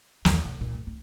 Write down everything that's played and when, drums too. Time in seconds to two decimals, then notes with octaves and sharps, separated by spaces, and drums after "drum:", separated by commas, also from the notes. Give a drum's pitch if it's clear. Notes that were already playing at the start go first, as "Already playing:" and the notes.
0.25 E2, drum: snare
0.45 B2
0.61 A#2
0.75 F#1
0.87 C4